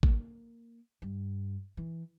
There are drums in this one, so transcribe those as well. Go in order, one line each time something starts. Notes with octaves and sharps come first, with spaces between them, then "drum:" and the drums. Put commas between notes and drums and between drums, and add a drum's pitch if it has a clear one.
A#3, drum: kick G#1
G2
E3